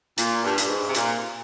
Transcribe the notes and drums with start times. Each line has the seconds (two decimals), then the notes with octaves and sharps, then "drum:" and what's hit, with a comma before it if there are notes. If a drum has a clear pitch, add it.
0.18 A#2, drum: hi-hat
0.43 G2
0.58 G2, drum: hi-hat
0.68 G#2
0.86 C3
0.95 A#2, drum: hi-hat